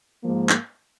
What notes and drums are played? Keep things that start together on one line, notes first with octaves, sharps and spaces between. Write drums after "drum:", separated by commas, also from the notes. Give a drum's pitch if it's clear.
G#2 F3 G#3 A#3
drum: clap